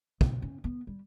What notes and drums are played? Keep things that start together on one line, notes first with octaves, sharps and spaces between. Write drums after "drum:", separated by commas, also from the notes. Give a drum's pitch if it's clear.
B1, drum: kick
C#4
B3
G3